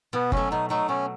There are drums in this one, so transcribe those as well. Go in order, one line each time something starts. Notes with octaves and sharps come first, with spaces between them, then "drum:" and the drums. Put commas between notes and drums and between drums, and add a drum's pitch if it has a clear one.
B2 B3
F#3 A3 C#4, drum: kick F#1
B2 D#4
F#3 A3 D#4
B2 C#4